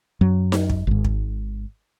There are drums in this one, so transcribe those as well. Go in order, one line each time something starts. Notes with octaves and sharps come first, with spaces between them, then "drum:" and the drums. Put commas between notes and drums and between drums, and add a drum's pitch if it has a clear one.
F#2 F#3
drum: snare D#4
drum: kick
G#1 G#2
drum: kick